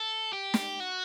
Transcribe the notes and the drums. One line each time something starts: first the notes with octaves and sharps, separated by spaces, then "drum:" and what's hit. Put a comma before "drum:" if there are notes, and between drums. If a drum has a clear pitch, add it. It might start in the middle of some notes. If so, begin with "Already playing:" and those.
Already playing: A4
G4
drum: snare
F#4